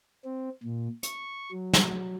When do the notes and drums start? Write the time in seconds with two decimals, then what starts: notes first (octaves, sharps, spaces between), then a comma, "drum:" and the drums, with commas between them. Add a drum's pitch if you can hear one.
0.25 C4
0.63 A#2
1.03 C#6, drum: hi-hat
1.51 F#3
1.74 drum: snare